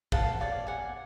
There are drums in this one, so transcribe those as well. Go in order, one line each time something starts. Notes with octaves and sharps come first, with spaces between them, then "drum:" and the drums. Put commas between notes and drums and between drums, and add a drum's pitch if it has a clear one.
F5 F#5 A5, drum: kick
C#5 D5 F5 G5
F5 F#5 G#5